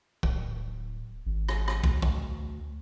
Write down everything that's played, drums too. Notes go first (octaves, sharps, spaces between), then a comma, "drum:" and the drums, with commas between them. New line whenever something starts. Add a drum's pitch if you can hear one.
D1, drum: kick
G#1
drum: rim click
drum: rim click
D2, drum: kick
drum: kick